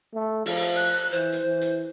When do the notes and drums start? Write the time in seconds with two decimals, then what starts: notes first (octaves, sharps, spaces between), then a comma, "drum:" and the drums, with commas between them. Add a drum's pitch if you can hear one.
0.14 A3
0.46 F3, drum: open hi-hat
0.76 F#6, drum: hi-hat
1.12 E3 C5
1.33 drum: hi-hat
1.45 E3
1.61 drum: hi-hat